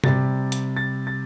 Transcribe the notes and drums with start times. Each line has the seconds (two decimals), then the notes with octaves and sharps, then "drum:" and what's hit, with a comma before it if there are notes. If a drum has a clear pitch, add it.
0.04 C3 G3 A6, drum: tom C3
0.52 drum: hi-hat
0.76 A6
1.07 A6